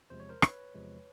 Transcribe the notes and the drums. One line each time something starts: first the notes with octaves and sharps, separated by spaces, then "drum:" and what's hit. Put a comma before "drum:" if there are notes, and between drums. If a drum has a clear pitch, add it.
E2 C3 F3 G#3 C5
C#5
A#4 C5
B4 C#5, drum: rim click
E2 C3 F3 G#3